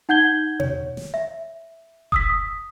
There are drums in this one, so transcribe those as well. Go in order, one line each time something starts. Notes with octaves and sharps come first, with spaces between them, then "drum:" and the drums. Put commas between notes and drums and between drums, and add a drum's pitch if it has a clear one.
D#4 F#5 G6 G#6 G7
C#5, drum: tom
drum: snare
E5
D#6 E6 B6, drum: kick E1